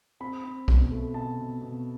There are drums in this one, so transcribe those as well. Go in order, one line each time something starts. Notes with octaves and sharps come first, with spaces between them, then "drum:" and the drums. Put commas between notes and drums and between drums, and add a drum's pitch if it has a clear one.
C4 B5
C4
B2, drum: kick B1
A3
B2 A5
B2
B2